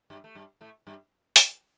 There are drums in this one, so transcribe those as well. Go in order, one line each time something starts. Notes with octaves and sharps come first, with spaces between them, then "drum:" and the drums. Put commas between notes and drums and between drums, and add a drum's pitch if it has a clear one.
G2 G3
A3
G2 G3
A2 A3
G2 G3
drum: hi-hat